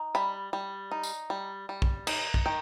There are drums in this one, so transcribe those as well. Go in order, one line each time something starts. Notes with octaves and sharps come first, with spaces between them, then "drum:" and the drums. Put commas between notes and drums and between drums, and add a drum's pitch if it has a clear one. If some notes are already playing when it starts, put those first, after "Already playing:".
Already playing: D#4
G3 B5
G3
D#4
drum: tambourine
G3
G3
drum: kick
D#4, drum: cymbal
drum: kick
D#3 G5